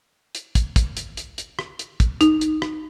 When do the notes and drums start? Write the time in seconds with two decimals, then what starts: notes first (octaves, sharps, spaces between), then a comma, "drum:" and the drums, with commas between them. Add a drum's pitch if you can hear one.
0.35 drum: hi-hat
0.55 drum: kick, hi-hat
0.76 drum: kick, hi-hat
0.97 drum: hi-hat
1.17 drum: hi-hat
1.38 drum: hi-hat
1.59 drum: rim click
1.79 drum: hi-hat
2.00 drum: kick, hi-hat
2.21 D#4, drum: hi-hat
2.41 drum: hi-hat
2.62 drum: rim click